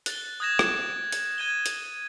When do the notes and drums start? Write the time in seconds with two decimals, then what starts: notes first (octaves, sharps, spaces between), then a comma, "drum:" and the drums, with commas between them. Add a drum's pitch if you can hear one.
0.06 F#6 A6 G7, drum: hi-hat
0.40 D#6 F#6 G#6 A#6 E7
0.59 drum: rim click
1.12 drum: hi-hat
1.38 G#6 D#7 G7
1.66 drum: hi-hat